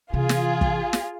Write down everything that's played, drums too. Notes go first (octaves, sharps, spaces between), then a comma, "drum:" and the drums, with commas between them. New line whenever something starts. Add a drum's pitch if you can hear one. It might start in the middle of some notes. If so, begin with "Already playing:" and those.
C3 E3 F4 G#4
drum: snare
drum: kick
drum: snare